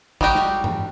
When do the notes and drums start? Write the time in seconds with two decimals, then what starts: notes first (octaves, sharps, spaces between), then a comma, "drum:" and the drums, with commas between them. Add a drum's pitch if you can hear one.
0.21 G3 D#4 F#4 G4, drum: kick
0.35 drum: snare
0.64 drum: tom G2